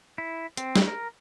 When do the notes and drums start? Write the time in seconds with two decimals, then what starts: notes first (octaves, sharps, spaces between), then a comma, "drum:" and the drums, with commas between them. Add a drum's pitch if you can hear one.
0.18 E4
0.57 C4, drum: hi-hat
0.76 drum: snare
0.87 A#4